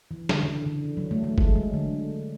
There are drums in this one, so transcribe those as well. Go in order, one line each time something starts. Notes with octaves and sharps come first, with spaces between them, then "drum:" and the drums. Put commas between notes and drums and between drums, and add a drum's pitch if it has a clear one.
E3
D3, drum: snare
D3
C#3
D3
E3
F#3
A3
A3
G#3, drum: kick F#1
F#3
D3